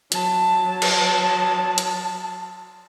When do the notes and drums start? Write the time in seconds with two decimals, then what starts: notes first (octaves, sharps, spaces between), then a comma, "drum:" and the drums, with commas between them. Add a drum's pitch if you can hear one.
0.12 F#3 A5, drum: hi-hat
0.82 drum: cymbal
1.78 drum: hi-hat